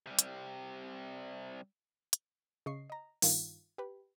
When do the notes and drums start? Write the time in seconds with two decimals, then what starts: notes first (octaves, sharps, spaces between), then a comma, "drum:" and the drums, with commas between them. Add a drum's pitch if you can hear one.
0.07 C3 G3
0.19 drum: hi-hat
2.13 drum: hi-hat
2.66 C#3 D#5 C#6 C7
2.90 D#5 A#5
3.22 G2 D#3 F4, drum: open hi-hat
3.78 G4 B4